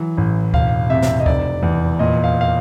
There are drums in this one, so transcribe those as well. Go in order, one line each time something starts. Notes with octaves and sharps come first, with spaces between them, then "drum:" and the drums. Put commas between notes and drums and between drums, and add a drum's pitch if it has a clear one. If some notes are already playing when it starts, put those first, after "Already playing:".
Already playing: E3 F#3
A1
E1 F5, drum: kick C#2
C3 E5
drum: snare
D#5
F1 D5, drum: kick C#2
E2
A#2 D#5
F5
F5